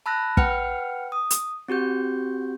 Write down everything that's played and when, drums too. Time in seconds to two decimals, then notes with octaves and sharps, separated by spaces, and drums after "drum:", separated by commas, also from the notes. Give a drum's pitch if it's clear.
0.06 A5 B5 E6 F#6 A#6
0.37 B4 F#5 G5 F6 C#7, drum: kick
1.12 D#6
1.30 drum: hi-hat
1.68 C4 F#4 G4 G6